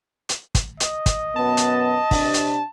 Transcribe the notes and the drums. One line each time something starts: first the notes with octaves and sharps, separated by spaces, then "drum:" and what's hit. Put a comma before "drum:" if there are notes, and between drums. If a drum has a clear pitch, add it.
drum: hi-hat
drum: kick, hi-hat
D#5, drum: hi-hat
drum: kick, hi-hat
F#2 B2 B3 A5
drum: hi-hat
C3 D4, drum: kick, open hi-hat
drum: hi-hat